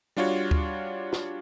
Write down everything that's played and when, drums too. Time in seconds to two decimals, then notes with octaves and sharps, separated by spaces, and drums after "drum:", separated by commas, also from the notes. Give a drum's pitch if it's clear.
0.17 G3 D4 F4 F#4 C#5
0.51 drum: kick D2
1.13 drum: snare